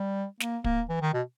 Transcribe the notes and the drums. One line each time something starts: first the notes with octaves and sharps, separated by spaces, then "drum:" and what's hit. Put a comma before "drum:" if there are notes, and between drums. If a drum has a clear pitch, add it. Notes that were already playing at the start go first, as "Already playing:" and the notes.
Already playing: G3
A#3, drum: snare
A#3, drum: kick
E3
D#3
B2